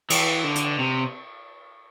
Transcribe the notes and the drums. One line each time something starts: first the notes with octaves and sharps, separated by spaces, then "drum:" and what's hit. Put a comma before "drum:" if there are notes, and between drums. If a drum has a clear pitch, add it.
E3, drum: cymbal
D3
drum: hi-hat
C3